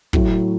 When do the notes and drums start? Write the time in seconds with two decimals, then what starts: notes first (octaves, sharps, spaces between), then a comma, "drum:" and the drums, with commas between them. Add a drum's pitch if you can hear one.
0.13 A2 F#3 A3 E4, drum: kick